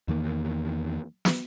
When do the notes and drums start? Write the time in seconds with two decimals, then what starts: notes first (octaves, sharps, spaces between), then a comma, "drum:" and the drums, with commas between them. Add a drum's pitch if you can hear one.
0.08 E2 D#3 A#3
1.25 drum: snare